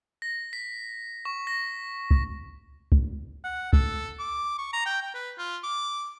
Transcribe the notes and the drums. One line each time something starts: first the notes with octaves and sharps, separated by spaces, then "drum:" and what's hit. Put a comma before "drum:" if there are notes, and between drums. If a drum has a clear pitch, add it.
A#6
B6
C#6
A#6
drum: kick C#2
drum: kick C#2
F#5
A4, drum: kick C#2
D6
C#6
A#5
G5
G5
B4
F4
D6